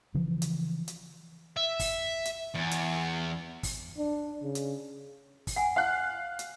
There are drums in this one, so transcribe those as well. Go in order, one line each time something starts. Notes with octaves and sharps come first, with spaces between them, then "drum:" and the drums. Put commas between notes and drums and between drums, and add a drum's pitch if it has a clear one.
C#3 E3 F3
drum: hi-hat
drum: hi-hat
E5
drum: kick, open hi-hat
drum: hi-hat
E2
drum: hi-hat
drum: kick, open hi-hat
D4
C#3
drum: hi-hat
drum: kick, open hi-hat
F#5 G#5
F5 F#5 F#6
drum: hi-hat